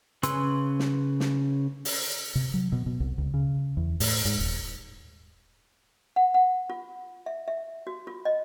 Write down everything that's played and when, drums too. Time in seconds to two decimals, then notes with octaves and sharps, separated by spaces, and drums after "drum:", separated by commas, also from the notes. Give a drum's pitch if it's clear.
0.23 C#3 C#4 B4 C6 E6, drum: hi-hat
0.79 drum: snare
1.20 drum: snare
1.85 drum: open hi-hat
2.35 C3
2.54 F#3
2.72 B2
2.86 B2
3.00 C2
3.18 C#2
3.34 C#3
3.77 E2
4.00 A2, drum: open hi-hat
4.25 G#2
4.39 D#1
6.16 F#5
6.34 F#5
6.70 F4
7.26 E5
7.48 E5
7.87 F#4
8.07 F4
8.25 D#5